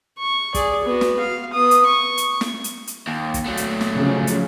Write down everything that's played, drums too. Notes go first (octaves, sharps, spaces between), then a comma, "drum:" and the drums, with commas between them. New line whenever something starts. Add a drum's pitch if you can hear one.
C#6
G#4 D5, drum: kick, hi-hat
B3 F#4
drum: snare
F5
B3 D#6
drum: hi-hat
C#6
drum: hi-hat
drum: snare
drum: hi-hat
drum: hi-hat
D#2
drum: kick, hi-hat
F#3 A3
drum: hi-hat
drum: snare
C#3 F3
drum: hi-hat